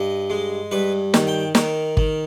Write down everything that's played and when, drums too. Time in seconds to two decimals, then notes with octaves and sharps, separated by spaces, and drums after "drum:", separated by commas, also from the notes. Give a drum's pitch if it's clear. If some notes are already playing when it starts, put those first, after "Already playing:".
Already playing: G2 D#5
0.30 G#3
0.71 G2 B4
1.14 D#3, drum: snare
1.27 G5
1.55 D#3 A#4, drum: snare
1.97 D#3, drum: kick